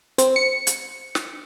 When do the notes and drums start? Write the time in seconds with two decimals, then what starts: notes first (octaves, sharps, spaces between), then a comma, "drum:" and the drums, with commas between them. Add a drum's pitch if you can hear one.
0.18 C4, drum: hi-hat
0.36 C#7
0.67 drum: hi-hat
1.15 drum: snare